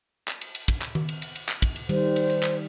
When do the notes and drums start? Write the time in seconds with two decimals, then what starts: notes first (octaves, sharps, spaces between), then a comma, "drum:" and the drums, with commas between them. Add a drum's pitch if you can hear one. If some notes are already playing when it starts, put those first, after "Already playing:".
0.28 drum: clap
0.41 drum: cymbal
0.55 drum: cymbal
0.68 drum: kick, cymbal
0.82 drum: clap
0.95 drum: tom D#3
1.09 drum: cymbal
1.22 drum: cymbal
1.35 drum: cymbal
1.49 drum: clap
1.62 drum: kick, cymbal
1.76 drum: cymbal
1.89 D#3 G3 C5, drum: cymbal
2.16 drum: cymbal
2.30 drum: cymbal
2.43 drum: clap